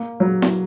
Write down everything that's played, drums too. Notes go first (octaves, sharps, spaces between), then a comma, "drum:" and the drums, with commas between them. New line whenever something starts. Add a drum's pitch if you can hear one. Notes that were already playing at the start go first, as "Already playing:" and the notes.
Already playing: A#3
F#3
drum: snare E4